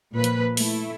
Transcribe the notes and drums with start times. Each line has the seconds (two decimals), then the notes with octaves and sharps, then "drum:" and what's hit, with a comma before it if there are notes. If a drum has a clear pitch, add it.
0.14 A#2 F3 B4
0.24 drum: hi-hat
0.57 A3 E4, drum: open hi-hat